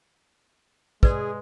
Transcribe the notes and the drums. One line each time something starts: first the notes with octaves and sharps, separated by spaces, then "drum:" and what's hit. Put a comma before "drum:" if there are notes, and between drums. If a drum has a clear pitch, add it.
G#3 G#4 B4 D5, drum: kick